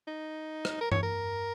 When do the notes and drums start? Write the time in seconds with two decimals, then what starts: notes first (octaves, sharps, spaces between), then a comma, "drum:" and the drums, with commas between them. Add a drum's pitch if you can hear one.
0.07 D#4
0.65 drum: rim click
0.81 A#4
0.92 C#5, drum: tom G2
1.03 A#4